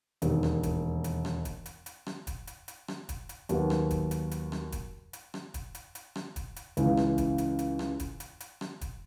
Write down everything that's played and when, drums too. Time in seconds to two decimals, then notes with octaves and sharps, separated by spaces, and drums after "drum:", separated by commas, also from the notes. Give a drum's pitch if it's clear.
0.22 E1 D#2 D#3, drum: hi-hat
0.43 drum: rim click
0.63 drum: kick, hi-hat
1.04 drum: hi-hat
1.25 drum: rim click
1.45 drum: kick, hi-hat
1.66 drum: hi-hat
1.86 drum: hi-hat
2.06 drum: rim click
2.27 drum: kick, hi-hat
2.47 drum: hi-hat
2.68 drum: hi-hat
2.88 drum: rim click
3.09 drum: kick, hi-hat
3.29 drum: hi-hat
3.49 D#2 D#3 F#3 B3, drum: hi-hat
3.70 drum: rim click
3.91 drum: kick, hi-hat
4.11 drum: hi-hat
4.31 drum: hi-hat
4.52 drum: rim click
4.72 drum: kick, hi-hat
5.13 drum: hi-hat
5.34 drum: rim click
5.54 drum: kick, hi-hat
5.75 drum: hi-hat
5.95 drum: hi-hat
6.16 drum: rim click
6.36 drum: kick, hi-hat
6.56 drum: hi-hat
6.77 C#2 C#3 E3 G#3, drum: hi-hat
6.97 drum: rim click
7.18 drum: kick, hi-hat
7.38 drum: hi-hat
7.59 drum: hi-hat
7.79 drum: rim click
8.00 drum: kick, hi-hat
8.20 drum: hi-hat
8.40 drum: hi-hat
8.61 drum: rim click
8.81 drum: kick, hi-hat